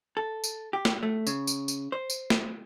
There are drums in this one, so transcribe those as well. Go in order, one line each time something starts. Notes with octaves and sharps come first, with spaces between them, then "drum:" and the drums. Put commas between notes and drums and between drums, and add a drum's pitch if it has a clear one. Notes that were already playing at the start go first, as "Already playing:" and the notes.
A4
drum: tambourine
G4
drum: snare
A3
C#3, drum: tambourine
drum: tambourine
drum: tambourine
C5
drum: tambourine
drum: snare